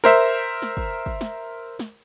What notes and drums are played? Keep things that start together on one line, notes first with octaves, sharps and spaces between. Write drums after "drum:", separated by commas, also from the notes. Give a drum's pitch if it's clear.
A#4 C5 E5, drum: snare
drum: snare
drum: kick
drum: kick
drum: snare
drum: snare